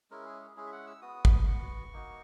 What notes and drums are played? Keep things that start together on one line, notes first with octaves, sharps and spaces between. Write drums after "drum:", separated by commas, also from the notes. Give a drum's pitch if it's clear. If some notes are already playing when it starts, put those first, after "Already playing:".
G#3 C#4 E4 A#4
G#4
G#4
G#3 C#4 E4 G#4
E5
F#5
E6
B3 F#4 D#6
drum: kick
B3 F#4 C#6
A#3 D#4 F#4